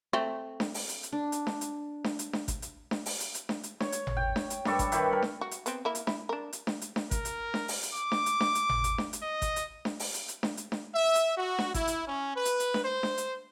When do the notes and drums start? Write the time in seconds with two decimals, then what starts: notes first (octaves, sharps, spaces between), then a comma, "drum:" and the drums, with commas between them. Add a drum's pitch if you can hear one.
0.13 A3 C4
0.60 drum: snare D4
0.74 drum: open hi-hat
0.89 drum: hi-hat
1.03 drum: hi-hat
1.12 D4
1.32 drum: hi-hat
1.47 drum: snare D4
1.61 drum: hi-hat
2.04 drum: snare D4
2.19 drum: hi-hat
2.33 drum: snare D4
2.48 drum: kick, hi-hat
2.62 drum: hi-hat
2.91 drum: snare D4
3.06 drum: open hi-hat
3.20 drum: hi-hat
3.35 drum: hi-hat
3.49 drum: snare D4
3.63 drum: hi-hat
3.80 C#5, drum: snare D4
3.92 drum: hi-hat
4.07 drum: tom G#1
4.17 G5
4.36 drum: snare D4
4.50 drum: hi-hat
4.65 G2 G3 A4 C#6, drum: snare D4
4.79 drum: kick, hi-hat
4.92 D#3 E4 G4 B4, drum: hi-hat
5.11 G3 A#4
5.22 drum: snare D4
5.41 F#4
5.51 drum: hi-hat
5.66 B3 C4, drum: hi-hat
5.85 A#3 E4
5.95 drum: hi-hat
6.07 E4, drum: snare D4
6.29 D4 A#4
6.53 drum: hi-hat
6.67 drum: snare D4
6.81 drum: hi-hat
6.96 drum: snare D4
7.11 A#4, drum: kick, hi-hat
7.25 drum: hi-hat
7.54 drum: snare D4
7.68 drum: open hi-hat
7.83 drum: hi-hat
7.94 D6
8.12 drum: snare D4
8.26 drum: hi-hat
8.40 drum: snare D4
8.55 drum: hi-hat
8.69 drum: tom G#1
8.84 drum: hi-hat
8.98 drum: snare D4
9.13 drum: hi-hat
9.23 D#5
9.42 drum: kick, hi-hat
9.56 drum: hi-hat
9.85 drum: snare D4
9.99 drum: open hi-hat
10.14 drum: hi-hat
10.28 drum: hi-hat
10.43 drum: snare D4
10.57 drum: hi-hat
10.72 drum: snare D4
10.95 E5
11.15 drum: hi-hat
11.37 F#4
11.59 drum: snare D4
11.74 E4, drum: kick, hi-hat
11.87 drum: hi-hat
12.08 C#4
12.36 B4
12.45 drum: hi-hat
12.60 drum: hi-hat
12.74 drum: snare D4
12.84 C5
13.03 drum: snare D4
13.18 drum: hi-hat